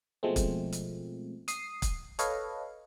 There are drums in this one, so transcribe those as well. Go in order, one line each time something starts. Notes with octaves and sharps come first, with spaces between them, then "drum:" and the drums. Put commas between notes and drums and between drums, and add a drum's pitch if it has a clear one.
B2 F3 G#3 A3 C4
drum: kick, hi-hat
drum: hi-hat
D#6 C7, drum: hi-hat
drum: kick, hi-hat
A4 B4 C#5 D#5 F5, drum: hi-hat